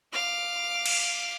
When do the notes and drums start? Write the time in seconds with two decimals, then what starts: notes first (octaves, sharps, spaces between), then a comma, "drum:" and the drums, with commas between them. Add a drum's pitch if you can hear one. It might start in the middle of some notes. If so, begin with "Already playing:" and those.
0.13 F5 D6
0.86 drum: cymbal